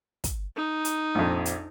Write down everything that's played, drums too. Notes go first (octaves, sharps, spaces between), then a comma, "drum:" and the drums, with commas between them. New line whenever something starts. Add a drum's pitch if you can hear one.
drum: kick, hi-hat
D#4
drum: hi-hat
A#1 F2
drum: hi-hat